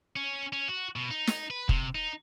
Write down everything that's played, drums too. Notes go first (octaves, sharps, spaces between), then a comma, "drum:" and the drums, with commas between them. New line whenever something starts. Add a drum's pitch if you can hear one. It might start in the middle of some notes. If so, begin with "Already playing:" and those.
C#4
C#4
F#4
B2
D#4
drum: snare
B4
C3, drum: kick F1
D#4